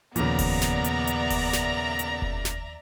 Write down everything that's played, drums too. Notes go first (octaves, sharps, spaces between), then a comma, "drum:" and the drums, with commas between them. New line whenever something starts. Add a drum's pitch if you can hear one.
D#2 A#2 C#3 F3 B3 D5 E5 A#5, drum: hi-hat
drum: kick F1, open hi-hat
drum: snare
drum: hi-hat
drum: hi-hat
drum: kick F1, open hi-hat
drum: snare
drum: hi-hat
drum: kick F1
drum: snare